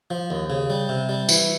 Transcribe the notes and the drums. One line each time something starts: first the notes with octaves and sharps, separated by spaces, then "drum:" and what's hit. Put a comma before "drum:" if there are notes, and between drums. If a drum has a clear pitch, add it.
F3
D#2
C#3
G3
C3
G3
E3, drum: tambourine